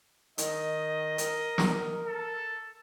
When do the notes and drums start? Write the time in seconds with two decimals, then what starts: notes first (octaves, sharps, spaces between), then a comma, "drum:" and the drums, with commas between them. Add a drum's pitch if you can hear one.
0.38 D#3 D#5, drum: hi-hat
1.18 A#4, drum: hi-hat
1.58 drum: snare
2.07 A4